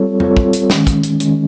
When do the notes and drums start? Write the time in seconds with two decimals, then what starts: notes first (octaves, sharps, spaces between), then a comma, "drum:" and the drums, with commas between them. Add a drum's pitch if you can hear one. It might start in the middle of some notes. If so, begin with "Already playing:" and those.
Already playing: G3 C4 F4 A4 C#5
0.20 G3 C4 F4 A4 C#5, drum: tom E2
0.37 drum: kick
0.53 drum: hi-hat
0.70 D#3 G#3 C#4, drum: snare
0.87 drum: kick, hi-hat
1.03 drum: hi-hat
1.20 D#3 G#3 C#4, drum: hi-hat